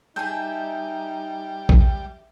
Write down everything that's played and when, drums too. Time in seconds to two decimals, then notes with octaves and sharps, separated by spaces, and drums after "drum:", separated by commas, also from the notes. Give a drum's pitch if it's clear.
0.16 G3 D#4 G#4 E5 G#5 A5 G6
1.69 drum: kick A#1